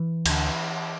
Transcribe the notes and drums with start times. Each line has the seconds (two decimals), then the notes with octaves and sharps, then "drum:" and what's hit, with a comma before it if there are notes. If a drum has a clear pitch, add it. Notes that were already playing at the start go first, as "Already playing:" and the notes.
Already playing: E3
0.26 D2 D3, drum: cymbal